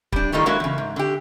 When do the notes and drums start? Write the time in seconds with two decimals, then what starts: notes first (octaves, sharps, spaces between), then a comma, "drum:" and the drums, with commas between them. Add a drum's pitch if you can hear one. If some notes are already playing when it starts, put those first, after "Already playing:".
0.12 G3 D4, drum: kick
0.32 A2 D#3 G3 D#4 F4 A4
0.46 F#3 G#3 A#3 D4 E4 F#4
0.60 E2 C#3
0.78 G#2
0.96 D3 G4